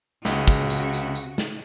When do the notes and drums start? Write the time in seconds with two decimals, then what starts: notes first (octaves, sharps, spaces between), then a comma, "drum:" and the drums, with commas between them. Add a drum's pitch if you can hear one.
0.25 C#2 C#3 F#4, drum: snare
0.48 drum: kick, tambourine
0.70 drum: tambourine
0.93 drum: tambourine
1.15 drum: tambourine
1.38 drum: snare